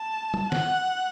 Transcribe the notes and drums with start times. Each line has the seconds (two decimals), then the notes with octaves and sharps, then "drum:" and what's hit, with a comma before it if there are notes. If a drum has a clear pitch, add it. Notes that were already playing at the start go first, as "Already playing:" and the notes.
Already playing: A5
0.34 drum: tom
0.52 F#5, drum: snare E3